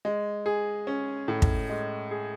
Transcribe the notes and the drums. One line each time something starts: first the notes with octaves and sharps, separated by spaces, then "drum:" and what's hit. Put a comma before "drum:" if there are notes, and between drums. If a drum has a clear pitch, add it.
G#3
G#4
C#4
A2
drum: kick
G#3
G#4